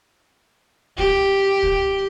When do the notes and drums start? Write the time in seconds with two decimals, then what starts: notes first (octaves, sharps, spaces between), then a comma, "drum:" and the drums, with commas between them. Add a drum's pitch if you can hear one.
0.98 G4, drum: kick
1.63 drum: kick